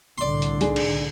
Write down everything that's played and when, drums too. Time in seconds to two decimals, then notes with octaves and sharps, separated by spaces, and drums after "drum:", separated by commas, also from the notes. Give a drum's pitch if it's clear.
0.18 C2 A2 D3 D5 C6
0.42 drum: hi-hat
0.61 D4 D#4 G#4, drum: hi-hat
0.76 drum: cymbal